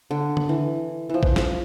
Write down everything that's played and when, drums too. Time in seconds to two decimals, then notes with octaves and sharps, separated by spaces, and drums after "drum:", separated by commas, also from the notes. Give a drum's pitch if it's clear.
0.11 D3
0.37 drum: tom D3
0.49 E3
1.09 E3 F3
1.23 drum: kick
1.36 F3, drum: snare